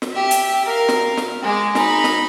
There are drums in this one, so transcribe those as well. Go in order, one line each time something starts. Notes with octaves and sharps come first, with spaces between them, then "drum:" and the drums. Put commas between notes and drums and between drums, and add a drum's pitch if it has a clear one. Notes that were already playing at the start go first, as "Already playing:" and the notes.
drum: snare
G4 E5
drum: hi-hat
A#4 F5
drum: snare
drum: snare
G#3 D6
D#4 B5, drum: snare
drum: snare